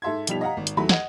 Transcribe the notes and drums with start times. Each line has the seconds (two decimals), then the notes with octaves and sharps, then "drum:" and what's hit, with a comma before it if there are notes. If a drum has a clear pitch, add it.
0.02 G#2 A4 E5 C6 G#6
0.27 B2 F3 G3 D#4 B6 F7, drum: hi-hat
0.41 D#5 F5 F#5 A#5
0.57 G#1
0.67 drum: hi-hat
0.77 E2 D#3 F#3 A3 B5
0.89 D#5 F#5 G#6, drum: snare